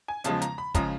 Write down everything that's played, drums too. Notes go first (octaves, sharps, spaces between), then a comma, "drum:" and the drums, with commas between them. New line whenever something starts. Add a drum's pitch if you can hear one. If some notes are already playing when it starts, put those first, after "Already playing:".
G#5
E2 C#3 F3 G#3 A5, drum: hi-hat
A#5, drum: hi-hat
B5
C#3 F3 G#3 A#5, drum: kick, hi-hat